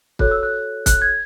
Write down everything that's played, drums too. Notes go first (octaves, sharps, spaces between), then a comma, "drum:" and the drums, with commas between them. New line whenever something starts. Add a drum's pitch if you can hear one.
F#4 A4 C#5 F#6, drum: kick
E6
F#6
F#6, drum: kick, hi-hat
G#6